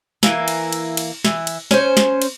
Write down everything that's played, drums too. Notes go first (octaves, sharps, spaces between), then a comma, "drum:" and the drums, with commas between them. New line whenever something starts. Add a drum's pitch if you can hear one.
E3 A#3, drum: snare
drum: cymbal
drum: cymbal
drum: cymbal
E3, drum: snare
drum: cymbal
C#4 C5, drum: snare
drum: snare
drum: cymbal